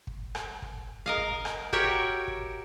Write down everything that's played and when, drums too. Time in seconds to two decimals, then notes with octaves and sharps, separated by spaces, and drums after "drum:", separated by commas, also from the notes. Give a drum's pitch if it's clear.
0.07 drum: kick
0.35 drum: rim click
0.62 drum: kick
1.06 A#4 D#5 F5
1.17 drum: kick
1.45 drum: rim click
1.73 F#4 G4 A#4 C#5 E5, drum: kick
2.28 drum: kick